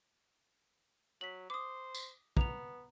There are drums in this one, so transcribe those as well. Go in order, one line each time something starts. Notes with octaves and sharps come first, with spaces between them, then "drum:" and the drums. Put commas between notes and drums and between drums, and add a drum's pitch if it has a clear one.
F#3 B6 F#7
C5 D6 D#6
drum: tambourine
B3 A#5 F7, drum: kick